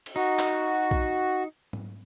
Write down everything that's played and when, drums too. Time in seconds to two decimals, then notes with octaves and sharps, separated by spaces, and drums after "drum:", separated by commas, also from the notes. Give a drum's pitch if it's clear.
0.06 drum: cymbal
0.16 D#4 F#4
0.39 drum: clap
0.91 drum: kick
1.73 drum: tom G#2